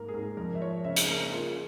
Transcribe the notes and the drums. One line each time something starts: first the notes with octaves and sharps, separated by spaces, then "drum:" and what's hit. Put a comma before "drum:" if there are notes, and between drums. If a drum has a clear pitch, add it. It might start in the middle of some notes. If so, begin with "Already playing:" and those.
Already playing: G#2 A#3 A#4
G#4
G#2 A#4
F2 A#4
E5
F3 C#5
C#3 E5
G#4, drum: hi-hat
A#3 A#4
A#4
F4 G#4